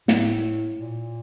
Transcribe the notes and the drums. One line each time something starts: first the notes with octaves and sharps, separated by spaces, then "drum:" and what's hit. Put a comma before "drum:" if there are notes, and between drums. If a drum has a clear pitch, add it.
A2, drum: snare
A#2